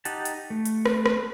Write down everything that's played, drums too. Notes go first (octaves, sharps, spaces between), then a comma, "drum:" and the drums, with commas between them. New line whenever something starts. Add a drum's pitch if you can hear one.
D#4 G4 F#5 A5, drum: hi-hat
drum: hi-hat
A3
drum: hi-hat
drum: rim click
drum: rim click